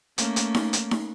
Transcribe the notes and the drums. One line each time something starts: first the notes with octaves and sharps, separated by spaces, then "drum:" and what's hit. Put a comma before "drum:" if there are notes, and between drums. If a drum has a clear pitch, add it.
A3 A#3 C#4, drum: hi-hat
drum: hi-hat
drum: snare D#4
drum: hi-hat
drum: snare D#4